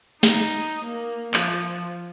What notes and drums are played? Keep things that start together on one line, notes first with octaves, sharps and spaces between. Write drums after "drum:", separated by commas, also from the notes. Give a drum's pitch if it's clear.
D#4, drum: snare
A#3
F3, drum: clap